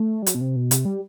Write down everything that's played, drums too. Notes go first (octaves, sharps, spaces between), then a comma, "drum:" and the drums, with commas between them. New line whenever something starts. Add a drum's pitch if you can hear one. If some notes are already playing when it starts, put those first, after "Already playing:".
Already playing: A3
G3
F#3, drum: hi-hat
B2
C3
B2
C3, drum: hi-hat
G3